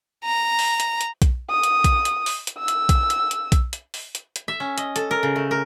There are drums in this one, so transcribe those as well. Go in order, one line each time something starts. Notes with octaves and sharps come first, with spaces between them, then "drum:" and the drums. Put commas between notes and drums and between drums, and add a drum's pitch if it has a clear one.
A#5
drum: open hi-hat
drum: hi-hat
drum: hi-hat
drum: kick B1, hi-hat
D#6
drum: hi-hat
drum: kick B1, hi-hat
drum: hi-hat
drum: open hi-hat
drum: hi-hat
E6
drum: hi-hat
drum: kick B1, hi-hat
drum: hi-hat
drum: hi-hat
drum: kick B1, hi-hat
drum: hi-hat
drum: open hi-hat
drum: hi-hat
drum: hi-hat
E5
C#4
D#5, drum: hi-hat
A4, drum: hi-hat
A#4
C#3
A3
A#4